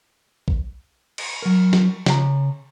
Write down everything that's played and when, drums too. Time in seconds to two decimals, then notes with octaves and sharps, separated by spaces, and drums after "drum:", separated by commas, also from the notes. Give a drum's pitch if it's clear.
0.48 drum: kick B1
1.18 drum: cymbal
1.42 F#3 A#4
1.73 drum: snare
2.06 C#3 A#5, drum: snare